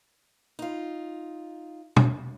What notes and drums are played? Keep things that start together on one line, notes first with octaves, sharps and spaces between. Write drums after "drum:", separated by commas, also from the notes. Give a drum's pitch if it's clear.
D#4 F4
drum: tom B2